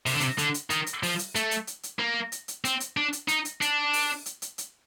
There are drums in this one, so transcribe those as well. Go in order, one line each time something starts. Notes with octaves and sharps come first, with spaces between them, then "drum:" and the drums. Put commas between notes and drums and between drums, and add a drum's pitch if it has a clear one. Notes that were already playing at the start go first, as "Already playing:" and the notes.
C3, drum: open hi-hat
D3
C3, drum: hi-hat
D3, drum: hi-hat
drum: hi-hat
D#3, drum: hi-hat
drum: hi-hat
F3, drum: open hi-hat
drum: hi-hat
A3, drum: hi-hat
drum: hi-hat
drum: hi-hat
drum: hi-hat
A#3
drum: hi-hat
drum: hi-hat
C4, drum: hi-hat
drum: hi-hat
D4
drum: hi-hat
D#4, drum: hi-hat
drum: hi-hat
D4, drum: hi-hat
drum: open hi-hat
drum: hi-hat
drum: hi-hat
drum: hi-hat